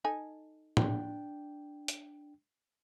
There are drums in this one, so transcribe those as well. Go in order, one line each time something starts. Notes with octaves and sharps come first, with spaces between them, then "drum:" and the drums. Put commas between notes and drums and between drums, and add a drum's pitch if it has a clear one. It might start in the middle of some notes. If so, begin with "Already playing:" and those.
D#4 A4 G#5
D4 G5, drum: tom A2
drum: hi-hat